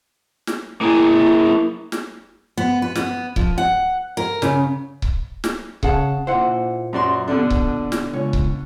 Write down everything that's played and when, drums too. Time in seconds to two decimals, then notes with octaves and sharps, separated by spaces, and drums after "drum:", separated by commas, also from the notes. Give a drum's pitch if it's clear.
0.47 drum: snare
0.81 A#3 E4 G#4
1.92 drum: snare
2.57 B3
2.82 B4
2.95 B3, drum: snare
3.36 F3, drum: kick C#1
3.58 F#5
4.17 A#4
4.42 C#3, drum: snare
5.02 drum: kick C#1
5.44 drum: snare
5.83 C#3 G#4 F#5 A5, drum: kick C#1
6.27 A#2 E4 C5 F#5
6.93 F#2 C#4 F#4 D5 C6
7.28 B2 D3 D4 A4
7.50 drum: kick C#1
7.92 drum: snare
8.13 C#2 C#5
8.33 drum: kick C#1